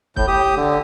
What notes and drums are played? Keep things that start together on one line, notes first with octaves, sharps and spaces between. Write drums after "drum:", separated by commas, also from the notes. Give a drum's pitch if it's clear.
A2 G6, drum: kick
G4 D#6
D3